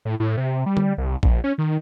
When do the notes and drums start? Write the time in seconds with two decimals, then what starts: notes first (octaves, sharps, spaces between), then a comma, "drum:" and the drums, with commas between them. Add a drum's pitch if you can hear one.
0.05 A2
0.20 A2
0.37 C3
0.66 G3
0.77 drum: tom D3
0.98 C2
1.23 A#1, drum: kick A#1
1.44 C#4
1.58 D#3